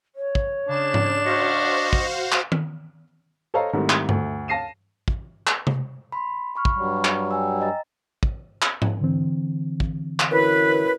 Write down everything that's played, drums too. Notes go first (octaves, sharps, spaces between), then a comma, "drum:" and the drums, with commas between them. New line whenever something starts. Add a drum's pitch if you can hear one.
C#5
drum: kick
C#3 D4 E7
drum: tom G#2
F#4 C5 D#5 F5 C#6
drum: kick
drum: clap
drum: tom D#3
A4 C5 C#5 D#5 F5 A#5
G#2 D#3 G3 A3 C4 E4
drum: clap
D2 A3, drum: tom G2
F5 A5 A#6 C7 D#7 E7
drum: kick
drum: clap
drum: tom C3
B5 C6
B5 C#6 F6
drum: kick
G2 F#3 G3
drum: clap
G5 G#5 E6
D#5 A#5 A6
drum: kick
drum: clap
drum: tom G#2
D3 E3 C4
drum: kick
drum: clap
F#2 E4 B4